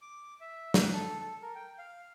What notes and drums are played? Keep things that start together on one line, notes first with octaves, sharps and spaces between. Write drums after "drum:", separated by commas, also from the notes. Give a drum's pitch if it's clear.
D6
E5
F#6, drum: snare
A4
A4
A#4
G5
F5